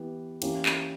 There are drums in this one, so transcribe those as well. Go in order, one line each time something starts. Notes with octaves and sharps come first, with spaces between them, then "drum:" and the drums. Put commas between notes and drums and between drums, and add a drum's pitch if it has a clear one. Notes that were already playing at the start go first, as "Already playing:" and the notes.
Already playing: E3 B3 G4
E3 A#3 C#4 G4, drum: cymbal
drum: clap